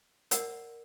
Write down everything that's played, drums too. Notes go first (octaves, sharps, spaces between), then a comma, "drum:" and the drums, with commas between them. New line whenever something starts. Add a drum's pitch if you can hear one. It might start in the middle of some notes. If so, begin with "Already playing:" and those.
A#4 D5 F#5, drum: hi-hat